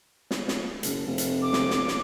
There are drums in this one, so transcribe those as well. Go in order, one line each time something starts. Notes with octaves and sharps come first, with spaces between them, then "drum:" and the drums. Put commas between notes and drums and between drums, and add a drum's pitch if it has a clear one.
drum: snare
drum: snare
F#1, drum: hi-hat
F1
drum: hi-hat
D6
drum: snare
drum: snare
drum: snare